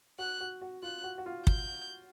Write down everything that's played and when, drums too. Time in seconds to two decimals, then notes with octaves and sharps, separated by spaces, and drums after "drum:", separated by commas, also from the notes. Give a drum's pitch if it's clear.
0.19 F#4 F#6
0.40 F#4
0.62 F#4
0.83 F4 F#6
1.04 F#4
1.18 F#4
1.26 F4
1.47 G6, drum: kick